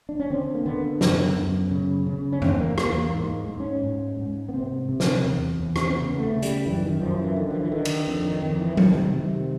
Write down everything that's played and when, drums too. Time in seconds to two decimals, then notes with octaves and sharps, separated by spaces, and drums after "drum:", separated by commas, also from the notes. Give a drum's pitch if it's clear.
0.09 D4
0.20 C#4
0.30 D3 C4
0.54 A#3
0.66 D3 B3
1.01 F#2, drum: snare
1.36 F#2
1.71 C#3
2.07 C#3
2.33 C#4
2.42 E2 C4, drum: tom F#2
2.60 A#3
2.78 E2 A#3, drum: rim click
2.95 A#3
3.12 G#2
3.48 G#2
3.60 C#4
3.83 G#2
4.19 G#2
4.49 B3
4.54 C3 C4
4.89 C3
5.00 drum: snare
5.25 E2
5.60 E2
5.76 C#4, drum: rim click
5.85 C4
5.95 C#3 B3
6.18 A3
6.31 C#3
6.42 G3, drum: hi-hat
6.66 F#2 E3
6.83 D#3
7.01 F#2 F3
7.19 E3
7.36 D3 D#3
7.50 F3
7.61 E3
7.71 D3 D#3
7.85 drum: cymbal
8.07 F2
8.25 D#3
8.42 F2 D#3
8.60 E3
8.77 C3 D#3, drum: tom F#3
9.13 C3